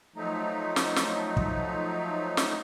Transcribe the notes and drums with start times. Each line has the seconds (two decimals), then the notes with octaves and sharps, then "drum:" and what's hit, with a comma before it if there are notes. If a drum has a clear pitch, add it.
0.16 F3 F#3 A3 D#4
0.76 drum: snare
0.96 drum: snare
1.37 drum: kick
2.37 drum: snare